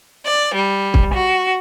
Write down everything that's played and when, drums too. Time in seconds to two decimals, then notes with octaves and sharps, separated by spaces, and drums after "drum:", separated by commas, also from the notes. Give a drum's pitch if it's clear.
0.25 D5
0.54 G3
0.94 drum: kick
1.13 F#4